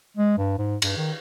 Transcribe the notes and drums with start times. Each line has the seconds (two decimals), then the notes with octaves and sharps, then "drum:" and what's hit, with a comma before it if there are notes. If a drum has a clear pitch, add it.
0.17 G#3
0.38 G2
0.58 G#2
0.82 G2, drum: cymbal
0.97 D#3